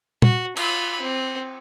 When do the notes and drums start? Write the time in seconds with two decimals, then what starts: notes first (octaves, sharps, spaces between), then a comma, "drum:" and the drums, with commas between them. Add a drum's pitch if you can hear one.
0.22 F#4, drum: tom
0.57 F4 B5, drum: cymbal
1.01 C4